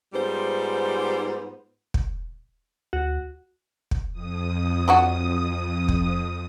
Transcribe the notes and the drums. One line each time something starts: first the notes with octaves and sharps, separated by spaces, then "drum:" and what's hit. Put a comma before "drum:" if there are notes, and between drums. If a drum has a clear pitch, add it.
G#2 G3 B3 F4 C5
drum: kick
D2 F#4
drum: kick
F2 D#6
F#3 D4 F#4
drum: kick